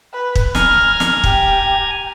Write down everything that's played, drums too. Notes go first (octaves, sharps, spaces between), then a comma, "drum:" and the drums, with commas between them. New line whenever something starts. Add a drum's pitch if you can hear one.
B4
drum: kick
G#5 A#5 F6 G#6, drum: snare
drum: snare
G4, drum: kick